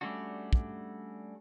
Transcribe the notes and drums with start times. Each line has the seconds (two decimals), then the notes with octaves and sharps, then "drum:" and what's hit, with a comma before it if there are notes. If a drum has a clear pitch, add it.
0.01 G3 A3 C#4 D4 F#4
0.53 drum: kick